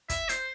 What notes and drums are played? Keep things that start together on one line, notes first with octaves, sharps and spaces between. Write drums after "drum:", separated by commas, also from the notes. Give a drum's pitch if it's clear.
E5, drum: kick, hi-hat
C5, drum: hi-hat